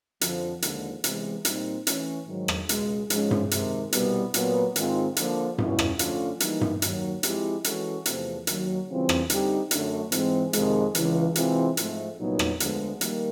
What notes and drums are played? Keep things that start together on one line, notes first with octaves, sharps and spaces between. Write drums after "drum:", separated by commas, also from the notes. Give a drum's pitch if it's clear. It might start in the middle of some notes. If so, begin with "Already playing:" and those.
F2 D3 F3, drum: hi-hat
D#2 D3 F3 G#3, drum: hi-hat
C3 E3 G#3 B3, drum: hi-hat
A#2 G3 C4 D#4, drum: hi-hat
E3 A3 C#4, drum: hi-hat
G#2 D#3 F#3
drum: rim click
C#2 B2 G#3, drum: hi-hat
G#2 F3 G#3 C#4, drum: hi-hat
drum: tom G2
C3 D#3 G#3, drum: hi-hat
C2 B2 G3 B3, drum: hi-hat
A#2 F#3 B3, drum: hi-hat
G#2 D#3 G#3 C4 F4, drum: hi-hat
D3 F3 A#3, drum: hi-hat
C#2 B2 G#3 C#4 E4, drum: tom G2
drum: rim click
D3 F3 A3 C#4 F4, drum: hi-hat
E3 G3 A#3 D#4, drum: hi-hat
drum: tom G2
D#2 D#3 F#3, drum: hi-hat
F3 G#3 C4 E4 G4, drum: hi-hat
E3 G#3 C#4 F#4 A4, drum: hi-hat
E2 C3 F3 A3 C4, drum: hi-hat
D#2 D#3 F#3, drum: hi-hat
C#3 E3 G3 C4 F4
drum: rim click
D3 G3 C4 D#4 G4, drum: hi-hat
F#2 D3 F#3 A3 D4, drum: hi-hat
G#2 E3 G#3 C4, drum: hi-hat
F2 C3 D#3 G#3, drum: hi-hat
C#2 C#3 E3, drum: hi-hat
C3 E3 G#3 C4 F4, drum: hi-hat
G#2 F3 A3, drum: hi-hat
C2 A#2 F#3 B3 D#4
drum: rim click
D2 D3 F3 G#3 B3, drum: hi-hat
D#3 G3 A#3, drum: hi-hat